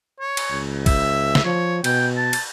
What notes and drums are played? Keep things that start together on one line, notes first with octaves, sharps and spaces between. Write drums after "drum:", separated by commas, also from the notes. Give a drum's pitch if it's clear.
C#5
drum: cymbal
C#2
E5, drum: kick, cymbal
drum: snare
F3 C#5
B2 G5, drum: cymbal
A5
drum: cymbal